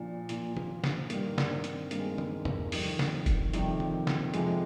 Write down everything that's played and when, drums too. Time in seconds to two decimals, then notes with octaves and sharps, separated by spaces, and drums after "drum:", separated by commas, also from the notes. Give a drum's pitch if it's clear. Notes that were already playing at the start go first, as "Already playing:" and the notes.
Already playing: A#2 F3 D4
0.29 A#2 F3, drum: hi-hat
0.57 drum: tom
0.84 drum: snare
1.10 G2 D#3 G3 A#3, drum: hi-hat
1.38 D4, drum: snare
1.64 C4, drum: hi-hat
1.91 G2 D#3 G3 A#3, drum: hi-hat
1.99 G#3
2.07 A#3
2.18 drum: tom
2.45 drum: tom E2
2.72 F2 C3 D#3 G3, drum: open hi-hat
2.99 drum: snare
3.26 drum: kick F1, hi-hat
3.53 F2 C3 D#3 G3, drum: hi-hat
3.80 drum: tom
4.07 drum: snare
4.34 F2 C3 F3 G#3, drum: hi-hat